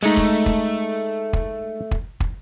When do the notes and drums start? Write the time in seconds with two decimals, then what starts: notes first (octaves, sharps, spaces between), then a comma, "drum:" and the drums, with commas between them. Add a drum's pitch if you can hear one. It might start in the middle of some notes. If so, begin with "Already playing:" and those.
0.03 G#3 A3 D#4
0.17 drum: kick
0.46 drum: kick
1.33 drum: kick
1.91 drum: kick
2.20 drum: kick